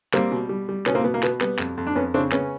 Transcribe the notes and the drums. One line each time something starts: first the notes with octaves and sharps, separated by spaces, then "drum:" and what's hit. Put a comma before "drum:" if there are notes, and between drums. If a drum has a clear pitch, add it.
G3 A#3 C4, drum: clap
B2
G3
G3
B2 B3 C#4, drum: clap
A#3 C4
B2 B3
A#3
B2 B3, drum: clap
G3 B3, drum: clap
F2, drum: clap
F2
D4
F2 B3 C#4
C#3 C4 D4
C#3 B3 C#4, drum: clap